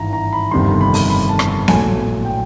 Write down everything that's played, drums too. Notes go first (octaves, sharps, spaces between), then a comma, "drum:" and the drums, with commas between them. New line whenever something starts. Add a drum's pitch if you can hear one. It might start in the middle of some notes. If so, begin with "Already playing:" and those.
Already playing: G#1 G2 E3 A#5
A#5
B5
G1 F2 C3 D#3 G3 C6
B5
drum: open hi-hat
B5
A5
drum: rim click
A5
A#1 A2 F#3 A3 G#5, drum: snare B3
G5